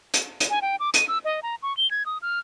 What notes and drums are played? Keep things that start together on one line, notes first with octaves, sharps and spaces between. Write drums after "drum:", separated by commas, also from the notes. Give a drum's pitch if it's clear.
drum: hi-hat
drum: hi-hat
G#5
G5
D6
D#7, drum: hi-hat
E6
D#5
A#5
C#6
G7
G#6
D#6
F6